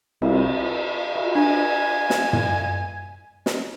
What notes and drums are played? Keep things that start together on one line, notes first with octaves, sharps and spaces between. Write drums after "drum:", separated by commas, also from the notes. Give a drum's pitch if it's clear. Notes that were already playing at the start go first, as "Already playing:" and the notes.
C2, drum: cymbal
drum: cymbal
D4 G#5
drum: snare
drum: tom
drum: snare